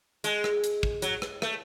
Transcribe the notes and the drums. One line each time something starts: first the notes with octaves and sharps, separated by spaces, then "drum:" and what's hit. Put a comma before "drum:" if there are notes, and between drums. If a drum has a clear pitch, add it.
G#3, drum: hi-hat
drum: rim click
drum: hi-hat
drum: kick
F#3, drum: hi-hat
drum: rim click
A3, drum: rim click